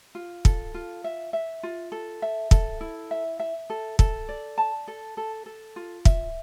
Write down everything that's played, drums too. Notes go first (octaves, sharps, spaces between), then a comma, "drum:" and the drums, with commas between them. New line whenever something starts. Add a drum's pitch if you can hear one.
F4
A4, drum: kick
F4
E5
E5
F4
A4
E5
A4, drum: kick
E4
E5
E5
A4
A4, drum: kick
D5
A5
A4
A4
A4
F4
E5, drum: kick